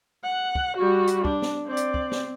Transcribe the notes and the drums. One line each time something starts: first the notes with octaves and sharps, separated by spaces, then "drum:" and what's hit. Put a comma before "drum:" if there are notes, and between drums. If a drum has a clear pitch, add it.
F#5
drum: kick
G3 F#4
drum: hi-hat
D4, drum: kick
drum: snare
C4 D5
drum: hi-hat
drum: kick
drum: snare